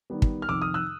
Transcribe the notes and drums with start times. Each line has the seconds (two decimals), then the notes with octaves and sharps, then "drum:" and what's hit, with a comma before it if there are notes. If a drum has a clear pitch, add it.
0.10 D#3 G3 B3
0.22 drum: kick
0.42 F6
0.49 F2 C3 D#3 D6 E6
0.62 D#6 F6
0.74 E6 F#6